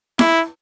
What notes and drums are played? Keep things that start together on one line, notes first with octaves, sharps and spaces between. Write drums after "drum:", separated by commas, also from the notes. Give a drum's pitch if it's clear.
E4, drum: snare E4